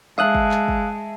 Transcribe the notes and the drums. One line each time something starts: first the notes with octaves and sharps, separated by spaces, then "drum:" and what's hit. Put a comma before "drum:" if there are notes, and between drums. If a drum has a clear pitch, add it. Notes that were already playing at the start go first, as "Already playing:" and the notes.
G#3 E5 F5 A5 D#6 F#6
drum: kick
drum: clap
drum: kick